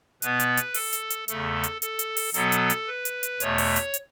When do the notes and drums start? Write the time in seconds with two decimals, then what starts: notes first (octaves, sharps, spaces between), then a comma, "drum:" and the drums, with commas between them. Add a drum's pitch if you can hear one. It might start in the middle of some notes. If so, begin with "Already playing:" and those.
0.22 B2 B3 B4, drum: hi-hat
0.40 drum: hi-hat
0.57 drum: hi-hat
0.74 A4, drum: open hi-hat
0.93 drum: hi-hat
1.10 drum: hi-hat
1.28 E2 C#3 A3 A4, drum: hi-hat
1.63 drum: hi-hat
1.82 A4, drum: hi-hat
1.99 drum: hi-hat
2.17 drum: open hi-hat
2.34 B2 F#3 B3 A4, drum: hi-hat
2.52 drum: hi-hat
2.70 drum: hi-hat
2.88 B4
3.05 drum: hi-hat
3.23 drum: hi-hat
3.40 E2 B2 A3 C#5, drum: hi-hat
3.58 drum: open hi-hat
3.76 drum: hi-hat
3.94 drum: hi-hat